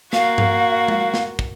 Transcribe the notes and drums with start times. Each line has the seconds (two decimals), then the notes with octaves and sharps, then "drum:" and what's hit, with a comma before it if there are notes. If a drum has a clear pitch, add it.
0.13 A#3 F#4 F5, drum: snare
0.38 drum: tom G2
0.88 drum: tom G#3
1.14 drum: snare
1.39 drum: kick